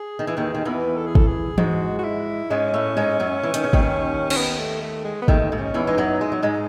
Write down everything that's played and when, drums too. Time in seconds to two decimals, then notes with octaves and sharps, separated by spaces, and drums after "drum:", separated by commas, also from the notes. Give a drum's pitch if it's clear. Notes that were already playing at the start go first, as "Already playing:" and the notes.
Already playing: G#4
0.19 D#3
0.27 E3
0.37 D#2 D#3
0.55 D#3
0.65 E2 E3 B4
0.97 A4
1.06 G#4
1.15 A4, drum: kick
1.27 G#4
1.58 G#2 G#3 F#4, drum: tom E3
1.99 F#4
2.04 E4
2.50 G#2 G#3 C#4
2.74 A2 A3
2.97 G#2 G#3
3.20 F#2 F#3
3.43 E3
3.54 D#3, drum: hi-hat
3.64 C#3
3.73 D#2 D#3, drum: kick
4.30 C#4, drum: cymbal
4.36 B3
4.59 A3
4.82 A3
5.05 G#3
5.22 B3
5.28 D#2 D#3 A3, drum: kick
5.52 G#2
5.59 C#4
5.74 E2 E3
5.87 G#3 D#4
5.98 F#2 F#3
6.21 G#3
6.32 F#3
6.43 G#2 G#3